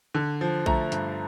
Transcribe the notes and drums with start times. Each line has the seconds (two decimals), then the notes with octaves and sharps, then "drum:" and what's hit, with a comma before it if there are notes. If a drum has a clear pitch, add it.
0.15 D3
0.41 F3
0.66 A3 A#5, drum: kick A#1
0.92 G2, drum: hi-hat